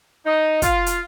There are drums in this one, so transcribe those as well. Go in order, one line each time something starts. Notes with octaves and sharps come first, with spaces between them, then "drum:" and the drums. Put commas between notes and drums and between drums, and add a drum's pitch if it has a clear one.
D#4
F4, drum: kick, hi-hat
drum: hi-hat